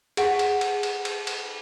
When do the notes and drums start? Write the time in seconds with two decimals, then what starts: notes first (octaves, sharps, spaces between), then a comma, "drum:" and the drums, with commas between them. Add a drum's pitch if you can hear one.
0.17 G#4 F#5, drum: cymbal
0.39 drum: cymbal
0.61 drum: cymbal
0.83 drum: cymbal
1.05 drum: cymbal
1.27 drum: cymbal